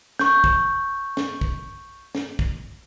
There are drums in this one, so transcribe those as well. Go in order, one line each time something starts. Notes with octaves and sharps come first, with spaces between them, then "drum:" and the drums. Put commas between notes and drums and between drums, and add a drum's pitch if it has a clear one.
C#6 G6, drum: snare
drum: kick
drum: snare
drum: kick
drum: snare
drum: kick